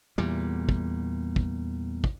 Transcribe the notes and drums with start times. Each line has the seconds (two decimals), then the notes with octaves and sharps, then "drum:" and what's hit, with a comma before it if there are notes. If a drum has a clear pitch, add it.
0.18 E2 A#2 G3
0.69 drum: kick
1.36 drum: kick
2.04 drum: kick